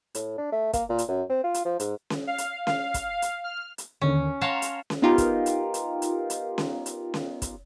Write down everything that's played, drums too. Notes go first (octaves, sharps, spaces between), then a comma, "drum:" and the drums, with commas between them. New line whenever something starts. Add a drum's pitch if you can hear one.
A2, drum: hi-hat
D4
A3
A#3, drum: kick, hi-hat
A#2
drum: hi-hat
F#2
C4
F4
drum: hi-hat
F3
G#2, drum: hi-hat
drum: snare C#4
F5
drum: hi-hat
F5, drum: snare C#4
drum: kick, hi-hat
F5
drum: hi-hat
F6
drum: hi-hat
D#2 D3 D#3 C#4
C#5 F5 F#5 A5 A#5 C6
drum: hi-hat
drum: snare C#4
B3 D#4 F4 G4 A#4
drum: kick, hi-hat
drum: hi-hat
drum: hi-hat
drum: hi-hat
drum: hi-hat
drum: snare C#4
drum: hi-hat
drum: snare C#4
drum: kick, hi-hat